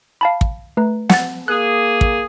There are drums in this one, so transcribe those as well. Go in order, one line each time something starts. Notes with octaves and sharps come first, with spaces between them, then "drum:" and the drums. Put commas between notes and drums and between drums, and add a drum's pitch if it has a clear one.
F5 A5 B5
drum: kick
A3 B4 A#5
F#5 A6, drum: snare
A#3 G#4 F#6
drum: kick